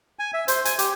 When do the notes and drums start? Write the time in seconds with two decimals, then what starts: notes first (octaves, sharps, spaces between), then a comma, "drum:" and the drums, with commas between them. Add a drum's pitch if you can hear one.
0.19 G#5
0.34 E5
0.48 C5, drum: hi-hat
0.65 G#5, drum: hi-hat
0.79 G4, drum: hi-hat